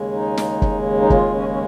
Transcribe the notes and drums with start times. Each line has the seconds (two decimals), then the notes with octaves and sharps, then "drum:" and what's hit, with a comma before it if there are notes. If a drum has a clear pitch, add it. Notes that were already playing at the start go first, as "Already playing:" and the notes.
Already playing: D#2 C#3 G#3
0.13 D#4
0.37 drum: snare
0.62 drum: kick
1.00 D#4
1.10 F4, drum: kick
1.34 C#4
1.49 C#4